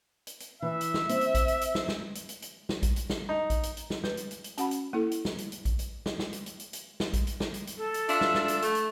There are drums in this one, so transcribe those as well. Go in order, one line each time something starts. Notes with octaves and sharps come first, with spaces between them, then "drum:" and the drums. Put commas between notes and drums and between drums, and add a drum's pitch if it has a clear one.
drum: hi-hat
drum: hi-hat
E3 E5
drum: hi-hat
drum: snare
C4, drum: hi-hat
drum: hi-hat
drum: kick A#1, hi-hat
drum: hi-hat
drum: hi-hat
drum: snare
drum: snare
drum: hi-hat
drum: hi-hat
drum: hi-hat
drum: snare
drum: kick A#1, hi-hat
drum: hi-hat
drum: snare
D#4
drum: kick A#1, hi-hat
drum: hi-hat
drum: hi-hat
drum: snare
B4, drum: snare
drum: hi-hat
drum: hi-hat
drum: hi-hat
C#4 F#4 F#5 B5, drum: hi-hat
drum: hi-hat
A#3 E4 A4
drum: hi-hat
drum: snare
drum: hi-hat
drum: hi-hat
drum: kick A#1, hi-hat
drum: hi-hat
drum: snare
drum: snare
drum: hi-hat
drum: hi-hat
drum: hi-hat
drum: hi-hat
drum: snare
drum: kick A#1, hi-hat
drum: hi-hat
drum: snare
drum: hi-hat
drum: hi-hat
A4
drum: hi-hat
D4 F4 E5, drum: hi-hat
drum: snare
drum: snare
drum: hi-hat
A3, drum: hi-hat
drum: hi-hat